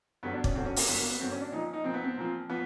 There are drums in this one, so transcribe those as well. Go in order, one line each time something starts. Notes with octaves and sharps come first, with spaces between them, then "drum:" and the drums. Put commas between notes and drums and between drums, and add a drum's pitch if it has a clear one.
G2 D3 F#3 B3
D4
C#4, drum: kick
G2 D3 F#3 C4
C#4
A#3, drum: open hi-hat
G2 D3 F#3 B3
A#3
B3
G2 D3 F#3 C4
C#4
D4
A#2 F3 D#4
D#4
A#2 F3 C4
B3
C4
A#2 F3
F3 B3